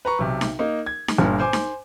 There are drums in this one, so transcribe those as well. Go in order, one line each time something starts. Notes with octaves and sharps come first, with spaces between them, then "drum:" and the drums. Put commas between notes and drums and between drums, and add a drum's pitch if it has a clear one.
B4 A#5 C#6
B1 C3
drum: snare D#4
A#3 D#4
G#6
drum: snare D#4
G1 G2 A#2
C5 G#5 C6 D6
drum: snare D#4